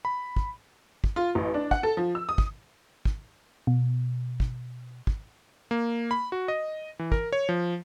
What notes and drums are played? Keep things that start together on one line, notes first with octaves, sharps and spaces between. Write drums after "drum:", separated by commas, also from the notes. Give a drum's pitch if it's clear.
B5
drum: kick
drum: kick
F4
A1
D4
F#5, drum: kick
A4
F3
E6
D#6
drum: kick
drum: kick
B2
drum: kick
drum: kick
A#3
B5
F#4
D#5
E3
A#4, drum: kick
C#5
F3